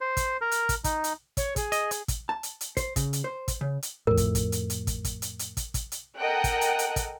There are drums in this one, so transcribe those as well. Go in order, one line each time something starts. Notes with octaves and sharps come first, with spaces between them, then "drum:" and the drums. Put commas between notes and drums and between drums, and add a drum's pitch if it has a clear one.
C5
drum: kick, hi-hat
A#4
drum: hi-hat
drum: kick, hi-hat
D#4, drum: kick, hi-hat
drum: hi-hat
C#5, drum: kick, hi-hat
G#4, drum: kick, hi-hat
D#5, drum: hi-hat
drum: hi-hat
drum: kick, hi-hat
A5
drum: hi-hat
drum: hi-hat
C5, drum: kick, hi-hat
C#3, drum: kick, hi-hat
drum: hi-hat
C5
drum: kick, hi-hat
C#3
drum: hi-hat
F2 A2 A#4
drum: kick, hi-hat
drum: kick, hi-hat
drum: hi-hat
drum: hi-hat
drum: kick, hi-hat
drum: kick, hi-hat
drum: hi-hat
drum: hi-hat
drum: kick, hi-hat
drum: kick, hi-hat
drum: hi-hat
A4 A#4 D#5 F#5 G5 F#6
drum: kick, hi-hat
drum: hi-hat
drum: hi-hat
drum: kick, hi-hat